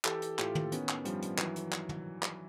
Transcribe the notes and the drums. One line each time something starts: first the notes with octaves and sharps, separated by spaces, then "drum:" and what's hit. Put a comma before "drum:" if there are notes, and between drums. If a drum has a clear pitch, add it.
E3 G4 A4, drum: clap
drum: hi-hat
A2 F4 G4, drum: clap
drum: tom
D#3 B3 C#4, drum: hi-hat
drum: clap
G2 F3 G3, drum: hi-hat
drum: hi-hat
D#3 E3 F#3, drum: clap
drum: hi-hat
drum: clap
drum: tom
drum: clap